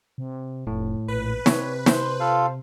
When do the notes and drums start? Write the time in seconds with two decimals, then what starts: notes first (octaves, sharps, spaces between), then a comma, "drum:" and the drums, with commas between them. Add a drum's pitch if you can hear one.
0.18 C3
0.67 F1 A2
1.08 A#1 B4
1.46 C3 C#5, drum: snare
1.86 C5 C6, drum: snare
2.20 F4 A4 F5